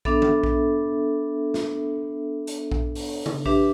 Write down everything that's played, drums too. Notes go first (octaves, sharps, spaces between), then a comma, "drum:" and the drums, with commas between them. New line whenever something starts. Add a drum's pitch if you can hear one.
B3 D4 A4 E5, drum: kick A#1
drum: tom E3
drum: kick A#1
drum: snare
drum: hi-hat
drum: kick A#1
drum: open hi-hat
drum: tom C#3
D4 G4 B4 E5, drum: kick A#1